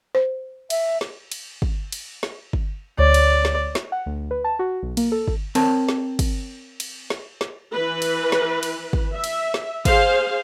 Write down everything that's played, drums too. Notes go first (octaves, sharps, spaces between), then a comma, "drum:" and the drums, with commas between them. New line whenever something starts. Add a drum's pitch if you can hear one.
C5
E5, drum: cymbal
drum: snare
drum: cymbal
drum: kick
drum: cymbal
drum: snare
drum: kick
D2 C#5 D5
drum: cymbal
drum: snare
drum: snare
F#5
D2
B4
A5
F#4
B1
A#3, drum: cymbal
A4
drum: kick
C4 A#4 C#5 A5, drum: cymbal
drum: snare
drum: kick, cymbal
drum: cymbal
drum: snare
drum: snare
E3 B4
drum: cymbal
drum: snare
drum: cymbal
drum: kick
E5
drum: cymbal
drum: snare
G#4 C5 F5, drum: kick, cymbal